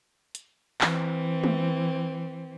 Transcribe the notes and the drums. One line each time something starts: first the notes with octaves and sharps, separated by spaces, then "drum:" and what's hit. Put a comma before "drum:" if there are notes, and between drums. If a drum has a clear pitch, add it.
drum: hi-hat
E3 C4, drum: clap
drum: tom G#3